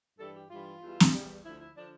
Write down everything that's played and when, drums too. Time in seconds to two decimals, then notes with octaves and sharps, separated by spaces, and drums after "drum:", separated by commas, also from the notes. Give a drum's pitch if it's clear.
0.18 G2 E3 G3 A4
0.34 G4
0.49 G2 E3 G3 F4
0.81 E2 E3 G3
1.00 drum: snare
1.13 E2 E3 G3
1.44 D2 D3 F3 E4
1.60 E4
1.75 D3 F3 D4